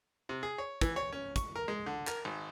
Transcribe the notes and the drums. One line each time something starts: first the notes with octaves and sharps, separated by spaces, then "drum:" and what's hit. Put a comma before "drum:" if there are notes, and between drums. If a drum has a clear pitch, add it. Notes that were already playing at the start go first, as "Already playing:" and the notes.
C3
G#4
C#5
E3, drum: kick, hi-hat
C#5
C#4
C#6, drum: kick, hi-hat
A#4
G#3
D3
A#4, drum: clap
G#1